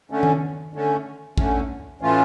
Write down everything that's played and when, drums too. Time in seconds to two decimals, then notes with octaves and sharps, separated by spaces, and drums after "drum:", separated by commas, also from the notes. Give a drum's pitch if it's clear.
0.10 D3 A3 C#4
0.23 drum: tom D#3
0.74 D3 A3 C#4
1.38 D3 A3 C#4, drum: kick G#1
2.01 A2 E3 A3 C#4 F4